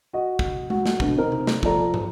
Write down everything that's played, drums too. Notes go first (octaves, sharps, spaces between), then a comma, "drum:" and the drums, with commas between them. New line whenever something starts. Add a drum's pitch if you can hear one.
F#4 D#5
drum: kick
F#4, drum: tom G#3
drum: snare
B2 D3, drum: kick
C4 D#4 A#4
drum: tom C3
drum: snare
F3 F4 A4 D5 A#5, drum: kick
drum: tom